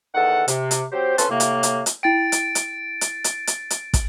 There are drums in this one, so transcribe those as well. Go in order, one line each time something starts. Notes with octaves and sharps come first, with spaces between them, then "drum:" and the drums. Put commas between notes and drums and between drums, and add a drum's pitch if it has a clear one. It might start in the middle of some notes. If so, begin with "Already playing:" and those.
E2 D#3 A4 F#5
C3, drum: hi-hat
drum: hi-hat
F#3 C4 G4 C5
F2 C#4 A4 B4 A5 C6, drum: hi-hat
A2 C3 A#3
drum: hi-hat
drum: hi-hat
drum: hi-hat
E4 G5 A6 D7
drum: hi-hat
drum: hi-hat
drum: hi-hat
drum: hi-hat
drum: hi-hat
drum: hi-hat
drum: kick, hi-hat